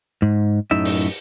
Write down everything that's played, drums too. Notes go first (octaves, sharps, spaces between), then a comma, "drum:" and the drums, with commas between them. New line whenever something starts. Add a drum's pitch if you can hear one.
G#2
F#2 A2 D#4 E5
drum: open hi-hat